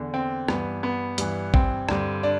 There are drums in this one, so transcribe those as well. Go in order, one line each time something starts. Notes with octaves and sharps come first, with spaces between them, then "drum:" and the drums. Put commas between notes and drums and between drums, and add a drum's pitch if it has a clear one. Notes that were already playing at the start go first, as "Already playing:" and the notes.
Already playing: E2 D3
C4
G2 E3 B3, drum: rim click
B3
G2 E3, drum: hi-hat
C4, drum: kick A1
G2 D3, drum: rim click
D4